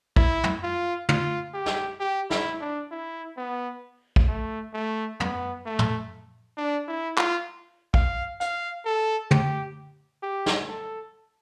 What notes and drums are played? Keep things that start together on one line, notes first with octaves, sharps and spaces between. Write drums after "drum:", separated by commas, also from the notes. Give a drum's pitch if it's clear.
E4, drum: kick
drum: tom
F4
F4, drum: tom
G4
drum: snare
G4
E4, drum: snare
D4
E4
B3
drum: kick
A3
A3
B3, drum: tom
A3
drum: tom
D4
E4
F4, drum: clap
F5, drum: kick
F5, drum: hi-hat
A4
G4, drum: tom
G4
drum: snare
A4